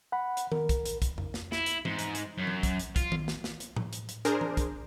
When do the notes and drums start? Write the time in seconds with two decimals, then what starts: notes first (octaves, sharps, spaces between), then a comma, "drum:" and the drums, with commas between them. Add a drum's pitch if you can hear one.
0.12 F#5 B5
0.37 drum: hi-hat
0.52 A#4, drum: tom D#3
0.69 drum: kick, hi-hat
0.86 drum: hi-hat
1.02 drum: kick, hi-hat
1.18 drum: tom F2
1.34 drum: snare
1.52 E4, drum: snare
1.66 drum: hi-hat
1.85 G#2, drum: tom E3
1.99 drum: hi-hat
2.15 drum: hi-hat
2.38 F#2
2.47 drum: tom E3
2.63 drum: kick, hi-hat
2.79 drum: hi-hat
2.96 F4, drum: kick, hi-hat
3.12 drum: tom D#3
3.28 drum: snare
3.44 drum: snare
3.60 drum: hi-hat
3.76 drum: tom A2
3.93 drum: hi-hat
4.09 drum: hi-hat
4.25 D4 G#4 A#4 C5, drum: hi-hat
4.41 drum: tom E3
4.57 drum: kick, hi-hat